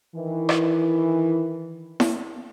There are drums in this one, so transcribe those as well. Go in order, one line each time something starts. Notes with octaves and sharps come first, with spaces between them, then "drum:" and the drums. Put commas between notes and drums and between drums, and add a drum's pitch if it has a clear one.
D#3 E3
drum: rim click
drum: snare E4